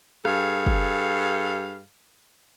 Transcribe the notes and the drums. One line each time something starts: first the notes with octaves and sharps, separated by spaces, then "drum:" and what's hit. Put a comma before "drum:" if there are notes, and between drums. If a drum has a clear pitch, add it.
G2 G#4 A4 F5, drum: rim click
drum: kick